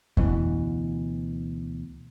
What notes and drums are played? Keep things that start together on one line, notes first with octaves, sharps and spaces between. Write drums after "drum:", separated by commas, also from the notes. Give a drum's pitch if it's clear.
D2 B2 E3, drum: kick F2